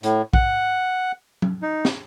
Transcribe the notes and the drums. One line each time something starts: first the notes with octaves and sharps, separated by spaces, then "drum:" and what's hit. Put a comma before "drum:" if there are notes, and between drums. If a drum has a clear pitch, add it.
A2, drum: hi-hat
F#5, drum: kick
drum: tom F#3
D#4
drum: snare